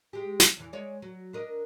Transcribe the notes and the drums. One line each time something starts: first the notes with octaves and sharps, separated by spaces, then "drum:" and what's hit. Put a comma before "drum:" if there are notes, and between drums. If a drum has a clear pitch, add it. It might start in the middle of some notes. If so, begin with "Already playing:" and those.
G#3 G4
drum: snare
E2 E3
G#3 C#5 D5
F#3
D4 A#4 D#5